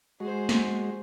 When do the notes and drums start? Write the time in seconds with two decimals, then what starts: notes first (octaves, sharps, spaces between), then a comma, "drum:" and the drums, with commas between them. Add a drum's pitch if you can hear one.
0.20 G#3 F#4 G#4 C5
0.49 drum: snare